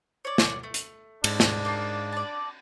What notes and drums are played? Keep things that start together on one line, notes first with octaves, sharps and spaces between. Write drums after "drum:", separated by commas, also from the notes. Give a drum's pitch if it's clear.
C#5 D5
drum: snare
A3
drum: hi-hat
G#2 D4, drum: cymbal
drum: snare
A#3 D#4 A5
D5 A5